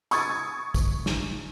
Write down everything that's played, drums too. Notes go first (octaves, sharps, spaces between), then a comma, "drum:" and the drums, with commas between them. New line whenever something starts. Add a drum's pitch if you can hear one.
C#6 D#6 G#6 A6, drum: tambourine
drum: kick, tambourine
drum: snare